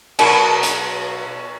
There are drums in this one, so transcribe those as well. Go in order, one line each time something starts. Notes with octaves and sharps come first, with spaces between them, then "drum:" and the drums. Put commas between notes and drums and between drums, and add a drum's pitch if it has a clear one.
B2 F#3 F#4 A#4 D#5 A5, drum: cymbal
drum: hi-hat